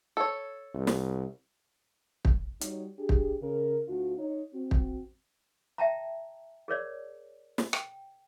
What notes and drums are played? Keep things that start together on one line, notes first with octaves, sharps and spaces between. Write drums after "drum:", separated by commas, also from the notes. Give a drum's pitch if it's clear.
A4 C#5
C2
drum: snare
drum: kick
G3 D#4 F#4 C#5, drum: hi-hat
D4 G4 G#4
drum: kick
C#3 A#4
D2 D4 F4 F#4
D#4 C#5
C4 F#4
drum: kick
E5 G5 A5 A#5
G#4 A#4 C#5 D5
drum: snare
G5, drum: rim click